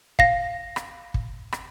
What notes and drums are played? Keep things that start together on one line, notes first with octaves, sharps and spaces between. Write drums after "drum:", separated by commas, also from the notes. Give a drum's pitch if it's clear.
F5 A#6, drum: kick
drum: rim click
drum: kick
drum: rim click